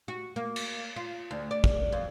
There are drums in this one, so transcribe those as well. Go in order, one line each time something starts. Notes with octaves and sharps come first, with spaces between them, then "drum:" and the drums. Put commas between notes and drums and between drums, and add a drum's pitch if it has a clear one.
F#4
A#3
drum: cymbal
F4
D2
D5
drum: kick
F2